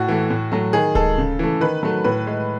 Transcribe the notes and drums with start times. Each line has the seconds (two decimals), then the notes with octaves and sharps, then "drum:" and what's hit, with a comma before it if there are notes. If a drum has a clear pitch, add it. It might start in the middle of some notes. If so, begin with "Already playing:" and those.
Already playing: A2 F#4
0.08 E3 A3
0.30 A2
0.52 F#3 A3
0.73 D#3 G#4
0.95 G#3 A4, drum: kick D1
1.18 C#3
1.39 E3 A3
1.61 D#3 B4
1.83 F#3 A3
2.04 A2 B4
2.27 G#3